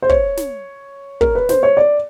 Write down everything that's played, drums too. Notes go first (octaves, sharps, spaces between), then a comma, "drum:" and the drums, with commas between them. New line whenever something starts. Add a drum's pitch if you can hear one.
C5
C#5, drum: kick
drum: snare
A#4, drum: kick
B4
C5, drum: snare
C#5
D5